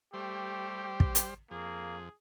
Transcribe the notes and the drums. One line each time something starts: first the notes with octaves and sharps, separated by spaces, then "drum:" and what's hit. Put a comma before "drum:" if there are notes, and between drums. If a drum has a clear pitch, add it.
G3 A3 G4 C5
drum: kick
drum: hi-hat
F2 A#3 G#4